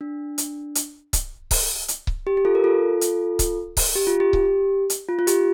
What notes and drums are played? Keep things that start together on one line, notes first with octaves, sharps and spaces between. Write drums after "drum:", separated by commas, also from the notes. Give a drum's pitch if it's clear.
D4
drum: hi-hat
drum: hi-hat
drum: kick C#1, hi-hat
drum: kick C#1, open hi-hat
drum: hi-hat
drum: kick C#1
G4
G4
F4 A4
A#4
F4 A4
drum: hi-hat
drum: kick C#1, hi-hat
drum: kick C#1, open hi-hat
G4
F4
G4
drum: kick C#1
drum: hi-hat
F4
F4
G4, drum: hi-hat